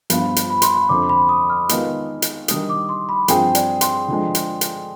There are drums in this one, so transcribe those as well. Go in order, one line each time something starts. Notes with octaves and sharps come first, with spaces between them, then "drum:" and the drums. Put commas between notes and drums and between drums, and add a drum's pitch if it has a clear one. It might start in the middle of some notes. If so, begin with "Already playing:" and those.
G2 F3 B3 F4 B4 B5, drum: hi-hat
drum: hi-hat
B5
C6, drum: hi-hat
B5
F2 D3 F3 C4 D6
B5
D#6
F6
D#3 G#3 B3 F4, drum: hi-hat
drum: hi-hat
D#3 G3 D4 D#6, drum: hi-hat
D6
C6
B5
G2 F3 C4 F4 G#4 G5, drum: hi-hat
D5, drum: hi-hat
C6, drum: hi-hat
D3 F3 G#3
drum: hi-hat
drum: hi-hat